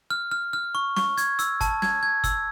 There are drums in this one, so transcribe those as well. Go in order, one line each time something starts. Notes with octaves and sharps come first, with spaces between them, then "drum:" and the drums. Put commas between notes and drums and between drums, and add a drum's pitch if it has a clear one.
F6
F6
F6
C#6
C#6, drum: snare
G#6, drum: hi-hat
E6, drum: hi-hat
A5, drum: kick, hi-hat
G#6, drum: snare
G#6
E6, drum: kick, hi-hat